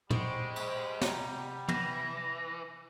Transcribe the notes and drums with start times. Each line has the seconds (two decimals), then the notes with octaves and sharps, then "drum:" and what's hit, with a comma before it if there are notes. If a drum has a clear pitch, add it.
0.10 G3 G#3 G4 C5 F#5 C#6 D7, drum: tom
0.56 drum: cymbal
1.01 C3 A#5, drum: snare
1.68 E3 A#6, drum: tom